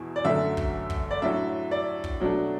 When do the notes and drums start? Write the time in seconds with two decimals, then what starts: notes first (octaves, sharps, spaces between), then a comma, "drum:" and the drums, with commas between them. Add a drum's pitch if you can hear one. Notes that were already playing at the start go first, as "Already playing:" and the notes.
Already playing: E2 B2 E4
0.16 D5
0.24 F#2 D3 F#3 A3 E5
0.57 drum: kick
0.90 drum: kick
1.11 D5
1.22 A2 F#3 D4 E5
1.71 D5
2.04 drum: kick
2.20 B2 F#3 A3 D4